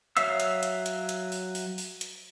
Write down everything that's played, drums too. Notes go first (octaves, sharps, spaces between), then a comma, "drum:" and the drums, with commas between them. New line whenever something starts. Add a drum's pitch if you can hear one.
F#3 C#5 E5 F5 E6, drum: hi-hat
drum: hi-hat
drum: hi-hat
drum: hi-hat
drum: hi-hat
drum: open hi-hat
drum: open hi-hat
drum: open hi-hat
drum: hi-hat